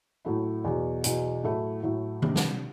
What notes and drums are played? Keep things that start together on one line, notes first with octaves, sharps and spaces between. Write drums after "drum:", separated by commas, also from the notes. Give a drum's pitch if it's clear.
A2 F#3 A3 E4
E2 B2 F#3
E2 B2 F#3, drum: hi-hat
A2 F#3 A3 E4
A2 F#3 A3 E4
C3 G3 D4, drum: tom D#3
drum: snare